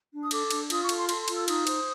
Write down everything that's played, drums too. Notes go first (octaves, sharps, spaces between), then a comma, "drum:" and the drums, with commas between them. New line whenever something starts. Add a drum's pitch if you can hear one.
D4
D#6
A4 D6, drum: cymbal
D4, drum: cymbal
F4 D#6, drum: cymbal
C#6
A4, drum: cymbal
C6
A4 C6, drum: cymbal
C6
F4, drum: cymbal
E6
D#4 D#6, drum: cymbal
C5, drum: cymbal